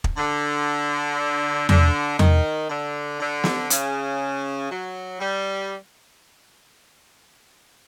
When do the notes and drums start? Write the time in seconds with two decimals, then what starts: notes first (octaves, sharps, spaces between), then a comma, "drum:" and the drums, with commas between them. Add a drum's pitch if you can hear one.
0.04 drum: kick
0.17 D3
1.69 D3, drum: tom E2
2.19 D#3, drum: tom E2
2.70 D3
3.20 D3
3.44 drum: snare
3.70 C#3, drum: hi-hat
4.71 F#3
5.20 G3